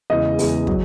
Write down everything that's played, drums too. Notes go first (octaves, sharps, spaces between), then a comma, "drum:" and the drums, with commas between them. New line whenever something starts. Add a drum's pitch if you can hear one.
E2 C#3 E3 G#3 D#5
E2 C#3 E3 G#3, drum: open hi-hat
F#3, drum: kick